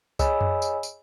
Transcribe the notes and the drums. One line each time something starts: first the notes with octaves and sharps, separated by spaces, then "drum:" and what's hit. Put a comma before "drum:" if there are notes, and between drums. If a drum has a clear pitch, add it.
G#4 C#5 D#5 G#5 B5 E6, drum: kick C2, tambourine
drum: tom F2
drum: tambourine
drum: tambourine